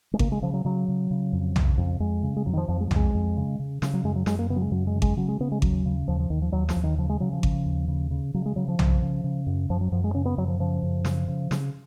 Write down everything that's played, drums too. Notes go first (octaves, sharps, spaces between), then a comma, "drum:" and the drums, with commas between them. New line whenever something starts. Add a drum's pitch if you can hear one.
G#3
C#3 A#3, drum: kick G#1
G#3
C#3 F3
F#3
C#3 F#3
C#3
C#3
F2
C#3, drum: tom B1
F2
F2 G#3
C#3
G#3
F2 F#3
D#3
F3
F2 F3
G#3
F#3
F2, drum: tom B1
G#3
F2
C#3
C#3
C#3, drum: snare
F#3
F#2 G#3
F#3
F#2 G#3, drum: snare
A#3
C#3 B3
F#3
G#3
F#2 F#3
G#3
C#3
G#3, drum: kick G#1
C#3 F#3
G#3
C#3 B3
G#3
D#2 F#3, drum: kick G#1
C#3
D#2 F3
F3
D#2 D#3
F3
D#2 F#3
F3, drum: snare
D#2
D#3
C#3 F3
G#3
C#3 F#3
F3
C#3, drum: kick G#1
D#2
C#3
C#3
C#3 F#3
G#3
C#3 F#3
F3
C#3, drum: tom B1
C#3
C#3
F#2
F#2 F3
F#3
F#2 F3
G#3
C#3 C#4
B3
F#2 F#3
F3
C#3 F3
F#2
C#3, drum: snare
C#3
C#3, drum: snare